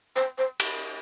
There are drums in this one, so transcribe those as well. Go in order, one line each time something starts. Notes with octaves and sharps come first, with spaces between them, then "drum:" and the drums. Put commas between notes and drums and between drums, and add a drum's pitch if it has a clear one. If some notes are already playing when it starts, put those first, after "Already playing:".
C5
C5
drum: cymbal